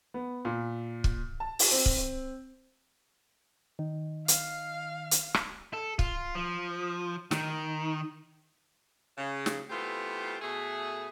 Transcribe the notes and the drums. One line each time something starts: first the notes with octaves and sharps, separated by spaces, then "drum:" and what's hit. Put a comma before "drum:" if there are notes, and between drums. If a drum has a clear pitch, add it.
B3
A#2
drum: kick
A5
drum: open hi-hat
C4
drum: kick
D#3
F5, drum: hi-hat
drum: hi-hat
drum: rim click
A4
F4, drum: kick
F3
D#3, drum: snare
C#3
drum: snare
E3 A3 B3 C4 F4 G4
B2 A3 G#4